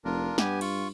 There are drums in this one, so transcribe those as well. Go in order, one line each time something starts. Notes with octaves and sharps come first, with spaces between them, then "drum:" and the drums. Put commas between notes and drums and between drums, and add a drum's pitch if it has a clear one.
F1 D4 F4 A#4
G2 B3 G4 G#5, drum: snare
F4 C#6, drum: cymbal